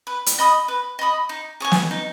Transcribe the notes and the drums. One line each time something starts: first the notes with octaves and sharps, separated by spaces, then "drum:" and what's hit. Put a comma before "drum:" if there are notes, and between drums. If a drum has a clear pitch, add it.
B4
drum: hi-hat
D#5 B5 D#6
B4
D#5 B5 D#6
D#4
G#4 C#5 G#5
drum: snare
D#4